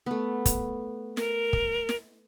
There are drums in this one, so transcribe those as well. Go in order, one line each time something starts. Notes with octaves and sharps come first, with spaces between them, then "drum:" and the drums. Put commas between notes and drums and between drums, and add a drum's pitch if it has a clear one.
A3 B3
drum: kick, hi-hat
A#4, drum: snare
drum: kick
drum: snare